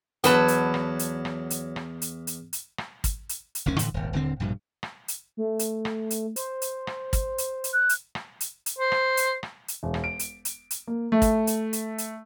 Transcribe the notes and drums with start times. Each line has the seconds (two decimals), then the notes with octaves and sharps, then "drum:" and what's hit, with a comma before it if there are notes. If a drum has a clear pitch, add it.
0.24 E2 F#3 B4 A5, drum: hi-hat
0.48 drum: hi-hat
0.74 drum: rim click
0.99 drum: hi-hat
1.25 drum: rim click
1.50 drum: hi-hat
1.76 drum: rim click
2.02 drum: hi-hat
2.27 drum: hi-hat
2.53 drum: hi-hat
2.78 drum: rim click
3.04 drum: kick, hi-hat
3.29 drum: hi-hat
3.55 drum: hi-hat
3.66 F#1 D2 D#3 C#4
3.79 A2 D3 E3, drum: hi-hat
3.94 D#1 G#1
4.13 D#1 D3 C4
4.40 A#1 G2 B2
4.83 drum: rim click
5.08 drum: hi-hat
5.37 A3
5.59 drum: hi-hat
5.85 drum: rim click
6.11 drum: hi-hat
6.36 C5, drum: hi-hat
6.62 drum: hi-hat
6.87 drum: rim click
7.13 drum: kick, hi-hat
7.38 drum: hi-hat
7.64 drum: hi-hat
7.73 F#6
7.89 drum: hi-hat
8.15 drum: rim click
8.41 drum: hi-hat
8.66 drum: hi-hat
8.78 C5
8.92 drum: rim click
9.17 drum: hi-hat
9.43 drum: rim click
9.68 drum: hi-hat
9.83 E1
9.94 drum: rim click
10.04 D7
10.19 drum: hi-hat
10.45 drum: hi-hat
10.71 drum: hi-hat
10.87 A#3
11.12 A3
11.22 drum: kick, hi-hat
11.47 drum: hi-hat
11.73 drum: hi-hat
11.98 drum: hi-hat